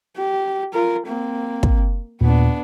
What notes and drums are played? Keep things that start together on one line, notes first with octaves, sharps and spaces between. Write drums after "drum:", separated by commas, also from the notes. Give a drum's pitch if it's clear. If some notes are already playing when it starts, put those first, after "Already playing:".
G4
F4 A#4
A#3 C4
drum: kick
D#2 A#2 B3 D4